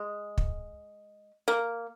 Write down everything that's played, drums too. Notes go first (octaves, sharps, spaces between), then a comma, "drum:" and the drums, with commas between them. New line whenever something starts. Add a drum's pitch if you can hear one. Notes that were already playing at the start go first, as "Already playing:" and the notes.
Already playing: G#3
drum: kick
A#3